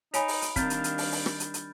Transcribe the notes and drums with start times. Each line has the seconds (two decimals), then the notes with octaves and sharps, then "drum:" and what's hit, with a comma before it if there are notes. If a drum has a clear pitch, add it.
0.14 D#4 C#5 G#5 B5 D7 F7, drum: hi-hat
0.28 drum: open hi-hat
0.42 drum: hi-hat
0.56 D#3 G3 C4 D4 F5 F6 G6 A6, drum: kick, hi-hat
0.70 drum: hi-hat
0.84 drum: hi-hat
0.98 drum: open hi-hat
1.12 drum: open hi-hat
1.26 drum: rim click
1.40 drum: hi-hat
1.54 drum: hi-hat